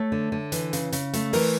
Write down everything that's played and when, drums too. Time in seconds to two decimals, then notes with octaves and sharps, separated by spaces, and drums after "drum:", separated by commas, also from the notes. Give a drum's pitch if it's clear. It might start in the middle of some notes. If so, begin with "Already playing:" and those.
Already playing: A3 C#5
0.12 D3
0.32 D3
0.52 E3, drum: hi-hat
0.73 C#3, drum: hi-hat
0.92 C#3, drum: hi-hat
1.13 A3, drum: hi-hat
1.33 E3 A#4, drum: open hi-hat